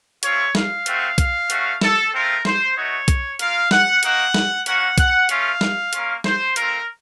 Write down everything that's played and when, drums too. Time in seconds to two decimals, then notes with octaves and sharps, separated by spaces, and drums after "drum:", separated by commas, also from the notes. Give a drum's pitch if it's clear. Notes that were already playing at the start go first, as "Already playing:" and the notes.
0.23 A3 C4 F4 C#5, drum: hi-hat
0.55 F5, drum: snare
0.86 A3 C4 F#4, drum: hi-hat
1.18 F5, drum: kick B1, hi-hat
1.50 A3 C#4 F#4, drum: hi-hat
1.82 A4, drum: snare
2.13 A3 C4 F4 A#4
2.45 C5, drum: snare
2.76 A3 D#4 F#4 C#5
3.08 drum: kick B1, hi-hat
3.39 A#3 F4 F5, drum: hi-hat
3.71 F#5, drum: snare
4.03 A#3 D#4 F#4 F#5, drum: hi-hat
4.34 drum: snare
4.66 A#3 C#4 F#4 F#5, drum: hi-hat
4.98 F#5, drum: kick B1, hi-hat
5.29 A3 C#4 F4 F5, drum: hi-hat
5.61 drum: snare
5.93 A#3 C#4 F4, drum: hi-hat
6.24 C5, drum: snare
6.56 A3 C4 F4 A#4, drum: hi-hat